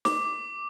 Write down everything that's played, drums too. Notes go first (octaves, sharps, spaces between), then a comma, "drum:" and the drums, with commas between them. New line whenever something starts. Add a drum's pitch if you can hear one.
D6, drum: snare